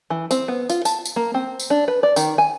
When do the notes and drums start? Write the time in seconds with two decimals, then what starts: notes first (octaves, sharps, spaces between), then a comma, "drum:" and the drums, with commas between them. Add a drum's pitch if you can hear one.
0.10 E3
0.31 C4, drum: tambourine
0.48 B3
0.69 F4, drum: tambourine
0.85 A5, drum: tambourine
1.05 drum: tambourine
1.16 A#3
1.34 C4
1.59 drum: tambourine
1.70 D4
1.88 B4
2.03 D5
2.16 D#3, drum: tambourine
2.38 G#5